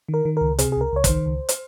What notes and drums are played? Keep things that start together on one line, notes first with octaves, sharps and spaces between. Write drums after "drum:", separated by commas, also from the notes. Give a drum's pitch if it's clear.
D#3
A#4
D#3
C#2 A#4
C3 G#4, drum: hi-hat
G#4
C#2 A#4
C#2 C#5
C5, drum: kick, hi-hat
D#3
C#2
drum: hi-hat